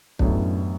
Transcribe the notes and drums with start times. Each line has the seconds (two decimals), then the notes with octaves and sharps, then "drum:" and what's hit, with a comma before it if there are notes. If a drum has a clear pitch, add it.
0.19 A1 F#2 A2 F#3 B3 D4, drum: kick